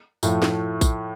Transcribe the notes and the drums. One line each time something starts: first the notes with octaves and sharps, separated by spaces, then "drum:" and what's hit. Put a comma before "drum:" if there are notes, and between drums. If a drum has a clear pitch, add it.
A2 F3 A3, drum: tambourine
drum: snare
drum: kick A#1, tambourine